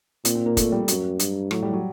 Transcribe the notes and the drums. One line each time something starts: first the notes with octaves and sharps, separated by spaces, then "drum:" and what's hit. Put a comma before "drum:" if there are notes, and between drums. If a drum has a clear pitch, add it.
A#2 C4, drum: hi-hat
C4
A#3
A3, drum: kick, hi-hat
G3
F#2 F#3, drum: hi-hat
G2, drum: hi-hat
A2 F#3, drum: rim click
G3
F#3